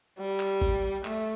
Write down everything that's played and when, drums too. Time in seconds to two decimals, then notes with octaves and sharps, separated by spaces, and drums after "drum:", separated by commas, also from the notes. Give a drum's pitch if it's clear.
0.18 G3
0.40 drum: clap
0.62 drum: kick G#1, tambourine
1.05 A3, drum: clap